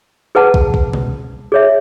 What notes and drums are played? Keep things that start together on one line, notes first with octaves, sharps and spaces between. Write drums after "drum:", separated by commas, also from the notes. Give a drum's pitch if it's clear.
G#4 B4 F#5 A5
drum: kick
drum: kick
drum: tom B2
G#4 C#5 E5